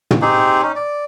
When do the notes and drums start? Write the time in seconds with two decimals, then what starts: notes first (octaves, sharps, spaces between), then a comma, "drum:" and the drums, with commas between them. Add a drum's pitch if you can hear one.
0.11 drum: tom
0.22 C4 D#4 G4 G#4
0.63 C#4 D#4
0.76 D5